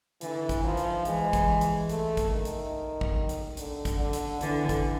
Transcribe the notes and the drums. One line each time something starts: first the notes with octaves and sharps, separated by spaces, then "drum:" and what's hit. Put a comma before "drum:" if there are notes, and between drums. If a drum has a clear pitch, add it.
D3 E3, drum: hi-hat
drum: kick G#1, hi-hat
D#3 F3
drum: hi-hat
E3 G#3, drum: hi-hat
drum: kick G#1, hi-hat
drum: hi-hat
A3, drum: hi-hat
drum: kick G#1, hi-hat
D#3
drum: hi-hat
drum: kick G#1
drum: hi-hat
D3, drum: hi-hat
drum: kick G#1, hi-hat
D3
drum: hi-hat
D3 E3, drum: hi-hat
drum: kick G#1, hi-hat